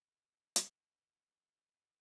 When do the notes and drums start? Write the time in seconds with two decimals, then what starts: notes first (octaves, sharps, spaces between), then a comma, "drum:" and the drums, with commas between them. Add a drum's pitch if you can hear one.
0.02 D3
0.56 drum: hi-hat
0.91 F3
1.12 F3
1.21 F#3
1.65 F3
1.80 F#3